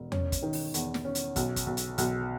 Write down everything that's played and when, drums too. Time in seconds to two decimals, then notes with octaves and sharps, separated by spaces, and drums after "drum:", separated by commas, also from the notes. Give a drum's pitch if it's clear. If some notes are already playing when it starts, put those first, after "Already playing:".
Already playing: E1
0.12 C#4, drum: tom E2
0.32 drum: kick, hi-hat
0.42 D#3
0.53 drum: open hi-hat
0.74 E2, drum: hi-hat
0.94 drum: snare
1.05 C#4
1.15 drum: hi-hat
1.36 B1, drum: kick, hi-hat
1.56 drum: kick, hi-hat
1.66 B1
1.77 drum: hi-hat
1.98 B1, drum: hi-hat